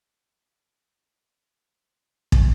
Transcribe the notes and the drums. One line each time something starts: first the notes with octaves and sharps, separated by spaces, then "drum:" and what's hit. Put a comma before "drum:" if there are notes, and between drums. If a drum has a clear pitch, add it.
D#4
D4 C5
drum: kick